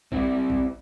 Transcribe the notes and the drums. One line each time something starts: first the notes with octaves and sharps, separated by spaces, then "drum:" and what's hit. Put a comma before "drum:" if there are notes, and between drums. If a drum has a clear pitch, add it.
C4 E4 G4, drum: kick
drum: kick